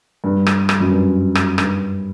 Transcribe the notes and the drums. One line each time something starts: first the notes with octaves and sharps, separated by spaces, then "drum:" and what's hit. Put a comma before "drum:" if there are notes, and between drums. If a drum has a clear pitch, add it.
G2
drum: rim click
drum: rim click
F#2
G2
drum: rim click
G2, drum: rim click